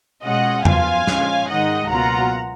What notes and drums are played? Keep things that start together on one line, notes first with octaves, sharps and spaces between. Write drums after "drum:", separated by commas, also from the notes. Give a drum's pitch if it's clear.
B2 G#3 C#4 F4 D#5 F#5
F#2 F3 B3 F4 F5 G#5, drum: tom E2
A#2 F3 G#3 C#4 F4, drum: snare
G#2 D#3 G#3 D#4 D#5 F#5
C#2 B2 F#3 A#3 F4 F#5 A#5